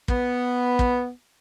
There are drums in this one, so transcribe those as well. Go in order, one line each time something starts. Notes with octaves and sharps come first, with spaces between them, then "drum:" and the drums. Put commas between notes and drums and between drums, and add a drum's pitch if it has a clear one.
B3, drum: kick
drum: kick